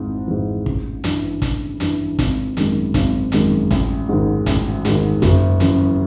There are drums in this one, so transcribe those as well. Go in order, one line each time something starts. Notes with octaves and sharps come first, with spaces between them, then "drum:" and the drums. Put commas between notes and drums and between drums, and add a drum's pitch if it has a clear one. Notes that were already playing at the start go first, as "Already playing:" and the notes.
Already playing: G#1 G#2 E3
G#2 E3
A1, drum: kick
G2 E3, drum: hi-hat
A1, drum: kick, hi-hat
G2 E3, drum: hi-hat
G#1, drum: kick, hi-hat
F#2 D#3 G#3, drum: hi-hat
G#1, drum: kick, hi-hat
F#2 D#3 G#3, drum: hi-hat
A1, drum: kick, hi-hat
G#2 D#3
A1, drum: kick, hi-hat
G#2 D#3, drum: hi-hat
F#1, drum: kick, hi-hat
F#2 C#3 E3, drum: hi-hat